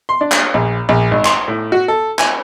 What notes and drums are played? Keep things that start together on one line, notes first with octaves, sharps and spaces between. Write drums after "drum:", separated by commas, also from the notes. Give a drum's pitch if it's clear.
C6
D4
drum: clap
A#1
A#1
G#1
C6, drum: clap
A2
F#4
A4
G#5, drum: clap